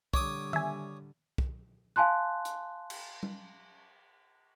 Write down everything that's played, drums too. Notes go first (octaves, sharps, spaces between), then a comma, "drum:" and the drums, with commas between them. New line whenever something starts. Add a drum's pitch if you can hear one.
D3 G3 C#5 D6 D#6, drum: kick
E5 G#5, drum: tom D#3
drum: kick
F5 G#5 A5 C6 F#6
drum: hi-hat
drum: cymbal
drum: tom G3